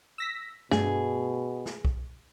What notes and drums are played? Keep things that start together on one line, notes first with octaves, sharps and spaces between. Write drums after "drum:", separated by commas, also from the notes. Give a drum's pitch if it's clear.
E6 A#6 B6
G2 B2 A3 D4 G#4, drum: snare
drum: snare
drum: kick B1